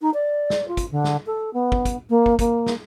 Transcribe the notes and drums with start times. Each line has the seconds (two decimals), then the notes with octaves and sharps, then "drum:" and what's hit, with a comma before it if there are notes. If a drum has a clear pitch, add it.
0.01 D#4
0.14 D5
0.50 drum: snare
0.68 F4
0.77 drum: kick, hi-hat
0.91 D3
1.04 drum: snare
1.26 A4
1.53 B3
1.72 drum: kick
1.85 drum: kick, hi-hat
2.09 A#3
2.26 drum: kick
2.39 A#3, drum: kick, hi-hat
2.67 drum: snare